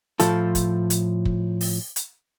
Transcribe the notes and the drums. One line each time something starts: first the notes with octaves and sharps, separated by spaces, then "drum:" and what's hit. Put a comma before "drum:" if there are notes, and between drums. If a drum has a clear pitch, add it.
A2 F3 F4 A4, drum: hi-hat
drum: kick, hi-hat
drum: hi-hat
drum: kick
drum: open hi-hat
drum: hi-hat